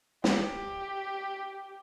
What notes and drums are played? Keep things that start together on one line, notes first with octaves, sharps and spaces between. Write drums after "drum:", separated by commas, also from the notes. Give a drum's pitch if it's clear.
G4, drum: snare